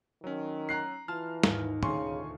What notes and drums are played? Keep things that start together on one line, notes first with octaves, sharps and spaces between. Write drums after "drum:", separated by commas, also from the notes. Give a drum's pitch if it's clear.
D#3 F#3 C#4
A#5 F#6 C7
E3 F4 A5 C6 F6
D#2 G#2, drum: snare
D#1 D2 C#3 C4 G#5 C6 C#6, drum: tom